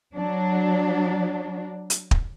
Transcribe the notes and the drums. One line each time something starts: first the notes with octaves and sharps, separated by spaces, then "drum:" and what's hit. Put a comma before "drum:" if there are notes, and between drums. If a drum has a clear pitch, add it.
F#3 D4
drum: hi-hat
drum: kick